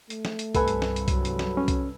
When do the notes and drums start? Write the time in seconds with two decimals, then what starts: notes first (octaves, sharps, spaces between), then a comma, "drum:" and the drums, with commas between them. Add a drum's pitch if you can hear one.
0.10 A3, drum: hi-hat
0.25 drum: snare
0.39 drum: hi-hat
0.55 C2 G2 A4 B4 G#5, drum: kick B1, hi-hat
0.68 drum: hi-hat
0.82 drum: snare
0.96 drum: hi-hat
1.08 F#3, drum: kick B1, hi-hat
1.25 drum: hi-hat
1.39 drum: snare
1.57 C#4
1.68 drum: kick B1, hi-hat